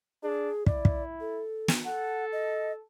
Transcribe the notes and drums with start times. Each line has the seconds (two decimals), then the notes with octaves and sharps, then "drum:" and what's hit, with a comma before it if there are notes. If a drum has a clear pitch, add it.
0.23 D4 G#4
0.66 E4 D5, drum: kick
0.85 drum: kick
1.21 A4
1.68 drum: snare
1.85 A4 F#5
2.32 D#5